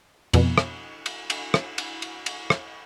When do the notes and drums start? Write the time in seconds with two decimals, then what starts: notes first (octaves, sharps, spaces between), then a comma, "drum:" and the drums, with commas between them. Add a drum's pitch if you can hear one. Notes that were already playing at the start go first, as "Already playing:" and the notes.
0.33 F2 B2, drum: cymbal
0.58 drum: rim click
1.06 drum: cymbal
1.30 drum: cymbal
1.54 drum: rim click
1.78 drum: cymbal
2.02 drum: cymbal
2.26 drum: cymbal
2.50 drum: rim click